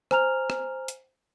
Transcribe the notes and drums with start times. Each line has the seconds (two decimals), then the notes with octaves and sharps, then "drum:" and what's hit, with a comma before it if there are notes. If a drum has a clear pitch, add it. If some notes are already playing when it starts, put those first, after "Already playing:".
0.11 C5 G#5 A#5 F6 F7, drum: rim click
0.50 drum: rim click
0.88 drum: hi-hat